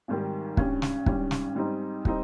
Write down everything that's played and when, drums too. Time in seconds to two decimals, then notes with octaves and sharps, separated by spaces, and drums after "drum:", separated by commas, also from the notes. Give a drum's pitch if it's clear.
0.08 G#1 G#2 D#3 G3
0.57 G#1 G2 G3 C#4, drum: kick
0.82 drum: snare
1.06 G#1 G2 G3 C#4, drum: kick
1.31 drum: snare
1.55 G#2 G3 C4 D#4
2.05 G3 C4 D#4, drum: kick